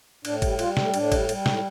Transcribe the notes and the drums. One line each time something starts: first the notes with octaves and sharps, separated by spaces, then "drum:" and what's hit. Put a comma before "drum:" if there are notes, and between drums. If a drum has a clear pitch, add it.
A2 D4, drum: cymbal
G3, drum: kick G1, cymbal
G3 F4, drum: cymbal
A2, drum: snare
A2 D4, drum: cymbal
G3, drum: kick G1, cymbal
G3, drum: cymbal
A2, drum: snare